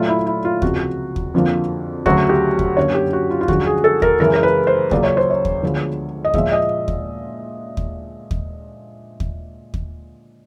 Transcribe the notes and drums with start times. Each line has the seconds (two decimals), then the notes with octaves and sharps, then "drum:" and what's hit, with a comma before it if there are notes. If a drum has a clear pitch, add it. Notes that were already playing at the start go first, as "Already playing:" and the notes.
Already playing: A#2 F#3 A3 F4
0.09 E4
0.26 E4
0.45 F4
0.62 C#2 C3 F3 F#4, drum: kick
1.16 drum: kick
1.34 F2 D3 F3 A#3
2.06 D2 C#3 F#3 A3 F#4, drum: kick
2.29 G4
2.59 drum: kick
2.77 F#2 D3 F#3 A#3 C#5
2.95 G4
3.13 F#4
3.31 F4
3.41 F4
3.48 F#2 D3 F3 G#3 F#4, drum: kick
3.66 G#4
3.84 A4
4.02 A#4, drum: kick
4.20 F#2 C#3 E3 G#3 A#4
4.34 A#4
4.43 B4
4.67 C5
4.91 C#2 C#3 F#3 A#3 D5, drum: kick
5.04 C#5
5.17 C5
5.30 C#5
5.45 drum: kick
5.63 D2 D3 F3 G#3 B3
6.25 D#5
6.34 A#2 F3 G#3 E5, drum: kick
6.52 D#5
6.88 drum: kick
7.77 drum: kick
8.31 drum: kick
9.20 drum: kick
9.74 drum: kick